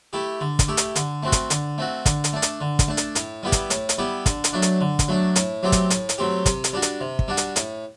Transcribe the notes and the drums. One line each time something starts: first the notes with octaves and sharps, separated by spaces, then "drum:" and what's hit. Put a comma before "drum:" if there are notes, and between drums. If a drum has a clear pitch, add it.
A3 E4 G4
D3
drum: kick, hi-hat
A3 E4 G4
drum: hi-hat
D3, drum: hi-hat
A3 C4 F#4
drum: kick, hi-hat
D3, drum: hi-hat
A3 C4 F#4
D3, drum: kick, hi-hat
drum: hi-hat
A3 D4
drum: hi-hat
D3
drum: kick, hi-hat
A3 D4
drum: hi-hat
A2, drum: hi-hat
G3 B3 E4 G4
drum: kick, hi-hat
A2, drum: hi-hat
drum: hi-hat
G3 B3 E4 G4
D3, drum: kick, hi-hat
drum: hi-hat
F#3 A3 D4
drum: hi-hat
D3
drum: kick, hi-hat
F#3 A3 D4
A2, drum: hi-hat
F#3 A3 C4 G4
drum: kick, hi-hat
A2, drum: hi-hat
drum: hi-hat
F#3 A3 C4 G4
C3, drum: kick, hi-hat
drum: hi-hat
G3 D4 F#4
drum: hi-hat
C3
drum: kick
G3 D4 F#4
drum: hi-hat
A2, drum: hi-hat